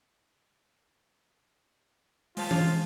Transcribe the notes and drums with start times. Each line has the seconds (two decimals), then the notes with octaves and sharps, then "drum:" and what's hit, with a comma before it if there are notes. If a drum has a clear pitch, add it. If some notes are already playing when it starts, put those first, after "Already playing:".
2.37 G#3 F4 C5 A5, drum: open hi-hat
2.51 drum: tom E3